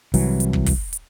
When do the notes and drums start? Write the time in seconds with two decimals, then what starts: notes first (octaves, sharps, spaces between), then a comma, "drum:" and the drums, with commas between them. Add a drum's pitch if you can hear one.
0.14 C2 E3 F#3, drum: open hi-hat
0.40 drum: hi-hat
0.53 drum: kick
0.66 drum: kick, open hi-hat
0.93 drum: hi-hat